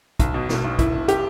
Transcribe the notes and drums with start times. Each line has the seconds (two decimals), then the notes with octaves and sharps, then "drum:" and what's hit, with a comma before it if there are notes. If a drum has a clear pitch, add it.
0.19 B1, drum: kick, hi-hat
0.34 B2
0.49 B2, drum: snare
0.64 B1
0.79 E1 E4, drum: kick, hi-hat
0.93 E1
1.08 G4, drum: hi-hat